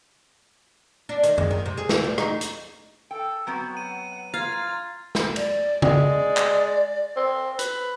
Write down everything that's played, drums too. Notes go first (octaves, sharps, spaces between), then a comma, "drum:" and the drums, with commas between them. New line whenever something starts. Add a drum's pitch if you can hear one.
D4
D#3, drum: hi-hat
G#3, drum: tom F#2
D#3
C3
G#4
E3, drum: snare
D2
D#4, drum: rim click
drum: hi-hat
A4 G5
F#3 B3 C4 F#4
F#5 D#7
F4 F5 A#5 G#6 A6
drum: snare
D5, drum: cymbal
G#3 D5, drum: tom C#3
drum: clap
C4
B4, drum: hi-hat